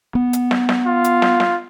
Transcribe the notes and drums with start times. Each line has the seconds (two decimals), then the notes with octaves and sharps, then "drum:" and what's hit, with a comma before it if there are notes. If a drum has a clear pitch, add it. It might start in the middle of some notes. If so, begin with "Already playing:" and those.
0.15 B3
0.33 drum: hi-hat
0.51 drum: snare
0.69 drum: snare
0.87 F4
1.04 drum: hi-hat
1.22 drum: snare
1.40 drum: snare